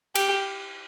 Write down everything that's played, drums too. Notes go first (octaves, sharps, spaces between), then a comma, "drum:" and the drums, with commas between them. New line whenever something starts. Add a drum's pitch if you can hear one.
G4, drum: cymbal